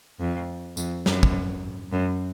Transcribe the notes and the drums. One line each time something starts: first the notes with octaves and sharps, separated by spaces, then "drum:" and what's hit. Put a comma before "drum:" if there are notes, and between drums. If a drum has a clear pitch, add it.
F2
F2, drum: tambourine
F#2, drum: snare
drum: kick
F#2